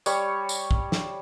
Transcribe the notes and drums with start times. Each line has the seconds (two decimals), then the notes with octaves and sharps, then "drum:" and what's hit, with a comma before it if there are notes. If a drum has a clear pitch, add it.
0.06 G3 C#5 C#6, drum: tambourine
0.49 drum: tambourine
0.71 drum: kick
0.92 drum: snare